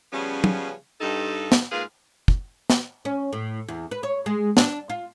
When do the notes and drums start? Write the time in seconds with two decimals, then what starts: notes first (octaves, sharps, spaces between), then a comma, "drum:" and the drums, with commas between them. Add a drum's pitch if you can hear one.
0.13 C#3 F3 G3 B3 C#4
0.44 drum: tom
1.01 G2 D#4 A4
1.52 drum: snare
1.71 G#2 A#3 F4 G#4 B4 F5
2.28 drum: kick
2.70 drum: snare
3.05 C#4
3.33 A2
3.68 E2
3.91 B4
4.03 C#5
4.26 G#3
4.57 D4, drum: snare
4.90 F4